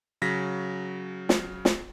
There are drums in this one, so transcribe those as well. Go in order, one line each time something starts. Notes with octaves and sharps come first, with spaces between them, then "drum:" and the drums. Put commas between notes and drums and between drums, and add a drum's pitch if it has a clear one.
C#3 F#3 A#6 B6
drum: snare
drum: snare